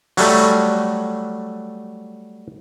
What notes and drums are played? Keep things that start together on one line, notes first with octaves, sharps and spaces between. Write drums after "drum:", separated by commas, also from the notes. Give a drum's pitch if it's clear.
F#3 G3 A3, drum: open hi-hat